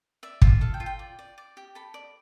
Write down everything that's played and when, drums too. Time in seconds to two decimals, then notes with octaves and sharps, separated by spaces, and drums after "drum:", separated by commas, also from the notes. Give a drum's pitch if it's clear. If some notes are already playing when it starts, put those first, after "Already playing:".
0.23 D5 E5
0.42 F4 E5, drum: kick
0.61 A4 F5
0.74 G5
0.80 F4
0.86 G5
0.99 D5
1.19 D5
1.38 D5
1.57 G4
1.75 A4 B5
1.94 D5